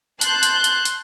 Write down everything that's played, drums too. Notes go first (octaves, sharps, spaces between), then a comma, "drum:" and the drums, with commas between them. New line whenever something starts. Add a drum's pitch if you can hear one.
A5 C6 F#6 G6, drum: hi-hat
drum: hi-hat
drum: hi-hat
drum: hi-hat